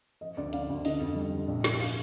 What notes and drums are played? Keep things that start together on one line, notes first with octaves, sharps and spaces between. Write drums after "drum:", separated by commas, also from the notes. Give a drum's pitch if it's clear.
F3 D#5
D2 D5
D2 F5, drum: hi-hat
D2
D3 D#5, drum: open hi-hat
F2
G3
F2
A#1
A#1, drum: snare
F5, drum: cymbal